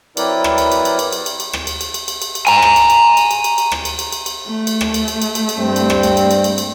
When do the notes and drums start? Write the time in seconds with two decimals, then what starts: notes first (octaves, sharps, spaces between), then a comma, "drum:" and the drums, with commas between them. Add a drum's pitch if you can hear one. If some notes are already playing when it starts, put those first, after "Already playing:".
0.17 F#3 C4 E4 A#4 B4 D5, drum: cymbal
0.44 drum: rim click
0.58 drum: cymbal
0.72 drum: cymbal
0.85 drum: cymbal
0.99 drum: cymbal
1.12 drum: cymbal
1.26 drum: cymbal
1.40 drum: cymbal
1.53 drum: rim click
1.67 drum: cymbal
1.81 drum: cymbal
1.94 drum: cymbal
2.08 drum: cymbal
2.22 drum: cymbal
2.35 drum: cymbal
2.47 G#5 A#5, drum: cymbal
2.62 drum: rim click
2.76 drum: cymbal
2.90 drum: cymbal
3.17 drum: cymbal
3.31 drum: cymbal
3.44 drum: cymbal
3.58 drum: cymbal
3.72 drum: rim click
3.85 drum: cymbal
3.99 drum: cymbal
4.12 drum: cymbal
4.26 drum: cymbal
4.47 A3
4.67 drum: cymbal
4.81 drum: rim click
4.94 drum: cymbal
5.08 drum: cymbal
5.22 drum: cymbal
5.35 drum: cymbal
5.49 drum: cymbal
5.58 G2 G3 C4
5.76 drum: cymbal
5.90 drum: rim click
6.03 drum: cymbal
6.17 drum: cymbal
6.31 drum: cymbal
6.44 drum: cymbal
6.58 drum: cymbal